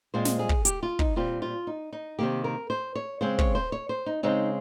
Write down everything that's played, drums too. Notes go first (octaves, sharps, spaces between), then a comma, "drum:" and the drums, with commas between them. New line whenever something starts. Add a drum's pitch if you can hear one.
A#2 G#3 C4 C5
drum: snare
G#4
drum: kick
G4, drum: hi-hat
F4
D#4, drum: kick
A#2 G3 C4 F4
F4
D#4
D#4
C3 D#3 A#3 G4
A#4
C5
C#5
C#3 G#3 C4 C5
C#5, drum: kick
C5
C#5
C5
D#4
C#3 G#3 C4 D#4